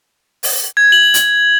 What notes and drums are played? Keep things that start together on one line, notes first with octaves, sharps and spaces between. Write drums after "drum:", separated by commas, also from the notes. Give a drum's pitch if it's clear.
drum: open hi-hat
G#6
F#7
drum: hi-hat